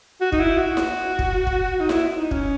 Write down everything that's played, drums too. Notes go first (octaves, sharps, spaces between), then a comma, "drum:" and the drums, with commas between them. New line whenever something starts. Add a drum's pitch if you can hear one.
F#4
D#4, drum: kick
E4
F#4
drum: snare E4
drum: kick
drum: kick
D#4
E4, drum: snare E4
D#4
C#4, drum: kick